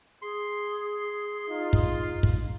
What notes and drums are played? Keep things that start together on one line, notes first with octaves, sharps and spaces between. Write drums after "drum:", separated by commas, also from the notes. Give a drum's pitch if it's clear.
G#4 C6
D#4 F4
drum: kick
drum: kick